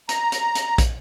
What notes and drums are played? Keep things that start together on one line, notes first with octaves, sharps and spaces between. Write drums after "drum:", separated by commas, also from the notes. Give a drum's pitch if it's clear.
A#5, drum: hi-hat
drum: hi-hat
drum: hi-hat
drum: kick, hi-hat